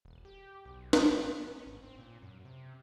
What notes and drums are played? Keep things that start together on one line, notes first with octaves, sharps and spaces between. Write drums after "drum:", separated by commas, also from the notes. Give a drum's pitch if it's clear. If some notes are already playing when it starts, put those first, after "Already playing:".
E1
G4
B1
drum: snare
A1
B3
C#4
G#1
C4
A#2
F#2
C3